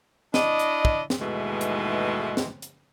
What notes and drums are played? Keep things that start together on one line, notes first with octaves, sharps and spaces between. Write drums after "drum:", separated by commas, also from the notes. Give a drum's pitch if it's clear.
D4 E4 D5 D#5, drum: snare
drum: hi-hat
drum: kick
drum: snare
D#2 G#2 B2 E3 G#3 A3
drum: hi-hat
drum: snare
drum: hi-hat